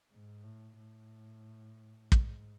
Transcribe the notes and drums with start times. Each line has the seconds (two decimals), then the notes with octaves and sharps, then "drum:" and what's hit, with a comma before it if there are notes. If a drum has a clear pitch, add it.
0.11 G#2
0.44 A2
0.78 A2
2.12 G#2, drum: kick